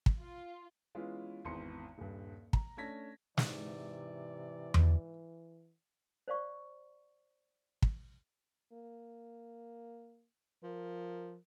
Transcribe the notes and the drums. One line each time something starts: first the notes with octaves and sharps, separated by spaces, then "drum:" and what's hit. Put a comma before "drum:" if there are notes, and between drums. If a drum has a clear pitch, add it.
drum: kick
F4
E3 G#3 B3 C#4 E4 F4
G#1 E2 C6 C#7
D#1 G2
A#5, drum: kick
A3 C#4 D4 G#6 A#6 B6
G#2 C3 E3 D5, drum: snare
drum: tom E2
C5 D5 F5 C#6
drum: kick
A#3
F3 A#4